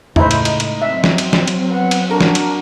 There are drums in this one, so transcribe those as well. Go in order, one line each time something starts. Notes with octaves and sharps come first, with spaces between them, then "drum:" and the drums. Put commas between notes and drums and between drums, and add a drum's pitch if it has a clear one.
C#2 A2 A3 D#4 E4 C5, drum: tom E2
drum: cymbal
drum: cymbal
drum: cymbal
F#3 C4 E5
drum: snare
drum: cymbal
drum: snare
drum: cymbal
B3 F#5
drum: cymbal
D4 F#4 A#4
drum: snare
drum: cymbal